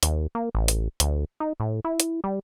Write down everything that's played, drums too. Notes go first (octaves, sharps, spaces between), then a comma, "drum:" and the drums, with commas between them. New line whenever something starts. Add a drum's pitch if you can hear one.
D#2, drum: hi-hat
A#3
A1
drum: hi-hat
D2, drum: hi-hat
D#4
A2
E4
drum: hi-hat
G3